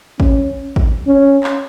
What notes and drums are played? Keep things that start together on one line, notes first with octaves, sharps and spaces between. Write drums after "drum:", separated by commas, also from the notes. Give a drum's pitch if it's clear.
C#4, drum: kick
drum: kick
C#4
drum: clap